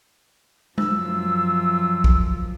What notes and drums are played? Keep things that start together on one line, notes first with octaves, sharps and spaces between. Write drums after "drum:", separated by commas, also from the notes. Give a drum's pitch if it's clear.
F#2 F3 E6, drum: tom
drum: kick